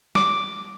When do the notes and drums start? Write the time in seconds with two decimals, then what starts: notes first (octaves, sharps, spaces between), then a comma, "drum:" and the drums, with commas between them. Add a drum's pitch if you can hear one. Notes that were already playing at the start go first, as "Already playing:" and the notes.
0.15 D6, drum: snare